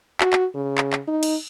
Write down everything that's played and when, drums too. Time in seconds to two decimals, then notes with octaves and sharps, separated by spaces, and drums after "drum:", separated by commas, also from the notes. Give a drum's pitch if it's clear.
0.21 F#4, drum: clap
0.33 drum: clap
0.55 C#3
0.78 drum: clap
0.93 drum: clap
1.08 D#4
1.23 drum: cymbal